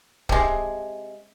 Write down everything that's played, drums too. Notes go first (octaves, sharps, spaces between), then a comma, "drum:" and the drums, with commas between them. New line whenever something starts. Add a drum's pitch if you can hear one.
C3 G#3, drum: kick